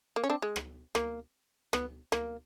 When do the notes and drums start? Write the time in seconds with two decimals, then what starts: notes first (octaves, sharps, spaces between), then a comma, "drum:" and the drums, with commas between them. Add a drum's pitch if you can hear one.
0.16 A#3
0.24 C#4
0.30 C4 D4
0.42 G#3
0.56 drum: rim click
0.95 A#3, drum: rim click
1.73 B3, drum: rim click
2.12 A#3, drum: rim click